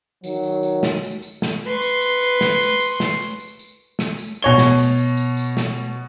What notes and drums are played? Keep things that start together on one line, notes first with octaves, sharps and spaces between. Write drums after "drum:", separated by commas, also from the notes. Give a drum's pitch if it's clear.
D#3 F#3, drum: tambourine
drum: tambourine
drum: tambourine
drum: snare
drum: tambourine
drum: tambourine
drum: snare
B4 C6 C#6
drum: tambourine
drum: tambourine
drum: tambourine
drum: snare
drum: tambourine
drum: tambourine
drum: snare
drum: tambourine
drum: tambourine
drum: tambourine
drum: snare
drum: tambourine
B2 C#5 G7
drum: snare
drum: tambourine
drum: tambourine
drum: tambourine
drum: tambourine
drum: snare